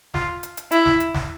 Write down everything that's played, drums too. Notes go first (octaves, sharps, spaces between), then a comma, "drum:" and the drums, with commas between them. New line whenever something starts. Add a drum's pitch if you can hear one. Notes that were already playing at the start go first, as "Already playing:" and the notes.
F4, drum: snare
drum: hi-hat
drum: hi-hat
E4, drum: hi-hat
drum: snare
drum: hi-hat
drum: snare